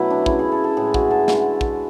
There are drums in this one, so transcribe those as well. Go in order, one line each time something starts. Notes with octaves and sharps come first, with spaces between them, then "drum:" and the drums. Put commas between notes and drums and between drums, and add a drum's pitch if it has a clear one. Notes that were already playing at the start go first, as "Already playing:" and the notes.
Already playing: B2 F#3 A3 E4 F#4
D4
C#3 G#3 E4, drum: kick
G#4
A4
A4
A2 G#3 G#4
F#4, drum: kick
A4
D3 G#3, drum: snare
drum: kick